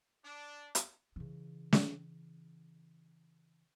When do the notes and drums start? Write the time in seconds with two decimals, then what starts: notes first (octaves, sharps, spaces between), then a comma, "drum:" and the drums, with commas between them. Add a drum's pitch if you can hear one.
0.24 D4
0.75 drum: hi-hat
1.16 C#3 E3
1.73 drum: snare